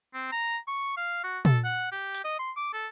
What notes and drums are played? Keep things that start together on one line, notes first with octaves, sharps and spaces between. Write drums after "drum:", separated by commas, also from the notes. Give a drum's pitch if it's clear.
C4
A#5
C#6
F5
F#4
A4, drum: tom
F#5
G4
drum: hi-hat
D#5
C6
D6
A4